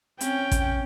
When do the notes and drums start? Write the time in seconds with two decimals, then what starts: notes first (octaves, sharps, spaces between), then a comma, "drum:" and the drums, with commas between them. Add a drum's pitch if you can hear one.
0.21 C4 C#4 G5, drum: hi-hat
0.52 drum: kick A1, hi-hat